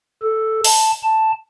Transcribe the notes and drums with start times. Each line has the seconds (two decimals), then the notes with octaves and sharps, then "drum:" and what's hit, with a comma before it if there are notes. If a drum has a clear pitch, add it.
0.22 A4
0.64 A5, drum: open hi-hat
1.03 A5